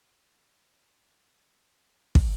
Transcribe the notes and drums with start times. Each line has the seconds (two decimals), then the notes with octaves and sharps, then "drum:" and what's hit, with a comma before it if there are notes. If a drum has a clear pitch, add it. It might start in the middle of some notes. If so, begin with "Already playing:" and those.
0.94 D#3
1.35 A2
1.75 G#2
2.15 drum: kick